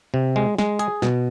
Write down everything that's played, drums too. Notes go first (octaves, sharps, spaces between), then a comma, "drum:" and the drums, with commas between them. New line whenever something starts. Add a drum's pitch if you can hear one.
C3
G#3
G#3, drum: snare
G#4, drum: hi-hat
B2, drum: snare